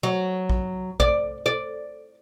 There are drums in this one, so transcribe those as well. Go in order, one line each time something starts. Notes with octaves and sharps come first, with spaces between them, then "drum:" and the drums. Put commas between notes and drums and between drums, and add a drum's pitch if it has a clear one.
F#3
drum: kick A#1
D5, drum: kick A#1
D5